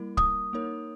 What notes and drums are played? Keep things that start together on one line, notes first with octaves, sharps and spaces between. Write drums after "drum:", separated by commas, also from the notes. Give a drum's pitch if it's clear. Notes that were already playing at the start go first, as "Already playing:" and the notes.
Already playing: G3 A#3 E4 A#4
D#6, drum: kick C#1
A#3 D#4 A#4 C#5